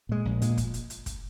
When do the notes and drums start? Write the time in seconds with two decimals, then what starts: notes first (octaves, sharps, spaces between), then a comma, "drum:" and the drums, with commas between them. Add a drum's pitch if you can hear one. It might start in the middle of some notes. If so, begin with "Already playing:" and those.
0.09 A#2 G#3
0.25 A#1
0.42 A#2 G#3, drum: hi-hat
0.58 drum: kick, hi-hat
0.74 drum: hi-hat
0.90 drum: hi-hat
1.06 drum: kick, hi-hat